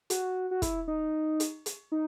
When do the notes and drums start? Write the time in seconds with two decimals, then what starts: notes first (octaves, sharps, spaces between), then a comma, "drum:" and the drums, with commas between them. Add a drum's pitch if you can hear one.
0.10 F#4, drum: hi-hat
0.51 F#4
0.62 E4, drum: kick, hi-hat
0.88 D#4
1.40 drum: hi-hat
1.66 drum: hi-hat
1.92 D#4